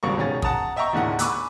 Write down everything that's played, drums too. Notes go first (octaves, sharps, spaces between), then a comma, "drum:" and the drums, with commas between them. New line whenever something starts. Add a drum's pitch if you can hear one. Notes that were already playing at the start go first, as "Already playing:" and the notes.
G#1 C#2 G2 A#3 C#6
B2 D#3 C#4 G#4 A6
F#5 A5 A#5 D#6, drum: kick
D#5 E5 G5 A#5 C#6
D#2 A2 D3 D#3 G#4 F#5
G#5 B5 C#6 D6 E6 F#6, drum: hi-hat